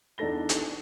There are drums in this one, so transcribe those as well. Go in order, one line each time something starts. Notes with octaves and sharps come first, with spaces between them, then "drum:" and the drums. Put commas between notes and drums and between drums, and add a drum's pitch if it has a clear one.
E2 D4 D#4 A4 A#6 G7
drum: hi-hat